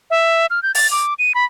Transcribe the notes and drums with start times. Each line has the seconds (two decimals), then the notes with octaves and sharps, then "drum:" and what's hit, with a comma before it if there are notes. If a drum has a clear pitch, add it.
0.10 E5
0.50 F6
0.63 G6
0.75 A6, drum: open hi-hat
0.91 D6
1.19 D#7
1.35 B5